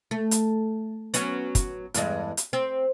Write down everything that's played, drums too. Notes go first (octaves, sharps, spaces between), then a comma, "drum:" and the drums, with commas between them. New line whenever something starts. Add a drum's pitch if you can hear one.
A3
drum: hi-hat
F#3 B3 C#4, drum: hi-hat
drum: kick, hi-hat
E2 G2 G#3, drum: hi-hat
drum: hi-hat
C4